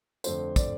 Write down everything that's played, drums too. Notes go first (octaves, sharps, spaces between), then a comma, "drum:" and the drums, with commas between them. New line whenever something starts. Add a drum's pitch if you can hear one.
F2 D3 F3 A3 C5, drum: tambourine
D5, drum: kick, tambourine